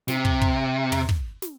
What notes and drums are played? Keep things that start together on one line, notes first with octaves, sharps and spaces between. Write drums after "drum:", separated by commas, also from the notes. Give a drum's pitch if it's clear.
C3, drum: snare
drum: kick
drum: kick
drum: tom
drum: kick
drum: snare